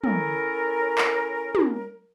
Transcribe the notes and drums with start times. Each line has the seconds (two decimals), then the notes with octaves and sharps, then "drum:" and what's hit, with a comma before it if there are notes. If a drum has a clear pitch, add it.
0.04 C#4 E4 A4 A#4, drum: tom
0.98 drum: clap
1.55 drum: tom